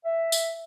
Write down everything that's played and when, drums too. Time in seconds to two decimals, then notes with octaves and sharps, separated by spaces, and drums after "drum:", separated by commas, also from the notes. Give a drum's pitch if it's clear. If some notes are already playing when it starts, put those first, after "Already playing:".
0.05 E5
0.32 drum: tambourine